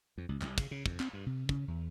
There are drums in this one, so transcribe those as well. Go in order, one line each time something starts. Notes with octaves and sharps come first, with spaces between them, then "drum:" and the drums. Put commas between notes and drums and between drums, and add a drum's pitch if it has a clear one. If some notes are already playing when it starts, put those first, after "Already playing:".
F2
C#2
C2, drum: clap
C#3, drum: kick, cymbal
C#3
F2, drum: kick
C4, drum: clap
G2
C3
C#3, drum: kick
E2